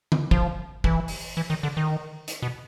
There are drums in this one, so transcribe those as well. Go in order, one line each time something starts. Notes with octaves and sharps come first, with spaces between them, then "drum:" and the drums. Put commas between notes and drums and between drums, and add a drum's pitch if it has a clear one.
drum: tom D3
F3, drum: kick
E3, drum: kick
drum: open hi-hat
E3
D#3
D3
D#3
drum: hi-hat
B2